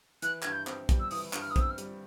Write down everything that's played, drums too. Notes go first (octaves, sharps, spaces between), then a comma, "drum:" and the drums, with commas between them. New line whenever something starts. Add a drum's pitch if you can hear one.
E3 F#6, drum: hi-hat
G2 G#6, drum: clap
G6
C4, drum: clap
G3, drum: kick, hi-hat
E6
E3 D#6, drum: open hi-hat
G2, drum: clap
F6
D#6
C4 E6, drum: kick, hi-hat
F6
G3, drum: hi-hat